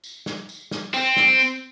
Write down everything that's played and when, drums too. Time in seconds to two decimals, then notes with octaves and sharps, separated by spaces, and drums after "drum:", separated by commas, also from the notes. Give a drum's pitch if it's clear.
0.04 drum: tambourine
0.26 drum: snare
0.49 drum: tambourine
0.71 drum: snare
0.94 C4, drum: tambourine
1.17 drum: snare
1.39 drum: tambourine